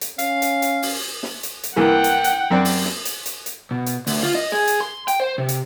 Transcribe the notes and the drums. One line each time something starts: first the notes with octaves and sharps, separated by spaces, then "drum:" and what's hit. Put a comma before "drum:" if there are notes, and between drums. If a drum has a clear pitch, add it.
drum: hi-hat
C#4 F5, drum: hi-hat
drum: hi-hat
drum: hi-hat
drum: open hi-hat
drum: snare
drum: hi-hat
drum: hi-hat
C2 E3 A#3 F#5 G5
drum: hi-hat
drum: hi-hat
F#2 C4 D5
drum: open hi-hat
drum: snare
drum: hi-hat
drum: hi-hat
drum: hi-hat
B2
drum: hi-hat
D2, drum: open hi-hat
F4
D#5
G#4
drum: hi-hat
C6
G5, drum: hi-hat
C5
C3
drum: hi-hat